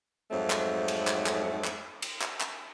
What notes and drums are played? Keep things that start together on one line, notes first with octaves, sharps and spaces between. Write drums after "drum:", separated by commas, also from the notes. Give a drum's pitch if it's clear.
F2 G#2 F#3 A3 C4
drum: clap
drum: cymbal
drum: clap
drum: clap
drum: clap
drum: cymbal
drum: clap
drum: clap